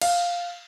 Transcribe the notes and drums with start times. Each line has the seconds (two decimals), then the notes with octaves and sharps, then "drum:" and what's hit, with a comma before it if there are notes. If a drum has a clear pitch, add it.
0.02 F5, drum: cymbal